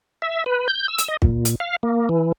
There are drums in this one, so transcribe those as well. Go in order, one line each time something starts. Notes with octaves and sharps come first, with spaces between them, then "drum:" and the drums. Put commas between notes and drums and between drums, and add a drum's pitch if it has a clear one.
E5
B4
G6
E6
drum: hi-hat
D#5
A#2, drum: kick
drum: hi-hat
F5
A#3
E3